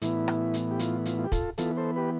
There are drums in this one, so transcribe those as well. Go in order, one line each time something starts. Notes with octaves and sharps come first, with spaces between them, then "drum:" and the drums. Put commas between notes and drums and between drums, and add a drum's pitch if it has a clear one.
A2 E3 B3 E4, drum: hi-hat
drum: rim click
drum: hi-hat
G4
F4, drum: hi-hat
F4, drum: hi-hat
F4
G4
F4 A4, drum: kick, hi-hat
E3 B3 F4 A4, drum: hi-hat
A4 C5
G4 B4